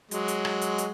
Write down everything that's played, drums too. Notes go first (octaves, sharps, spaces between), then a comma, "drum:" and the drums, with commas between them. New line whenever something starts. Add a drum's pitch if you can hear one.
F#3 G#3, drum: hi-hat
drum: hi-hat
drum: rim click
drum: hi-hat
drum: hi-hat